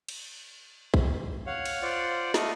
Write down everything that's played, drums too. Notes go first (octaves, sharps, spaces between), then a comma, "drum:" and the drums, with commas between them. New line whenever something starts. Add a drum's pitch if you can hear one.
drum: cymbal
drum: kick
C#5 F5 F#5
drum: cymbal
F4 C5 D5 F#5
A3 D#5, drum: snare